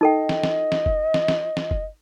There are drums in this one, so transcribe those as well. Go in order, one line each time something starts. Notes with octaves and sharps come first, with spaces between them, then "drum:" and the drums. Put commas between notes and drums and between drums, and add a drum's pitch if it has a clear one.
D#4 A4 D#5 G5
drum: snare
drum: snare
drum: snare
drum: kick
drum: snare
drum: snare
drum: snare
drum: kick